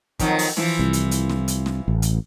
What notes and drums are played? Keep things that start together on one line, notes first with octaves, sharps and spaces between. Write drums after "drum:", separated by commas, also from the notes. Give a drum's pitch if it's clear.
F2 D#3 F#3, drum: kick, hi-hat
drum: open hi-hat
E3 F3, drum: snare
C2
drum: hi-hat
drum: hi-hat
drum: snare
drum: hi-hat
drum: snare
A1
drum: hi-hat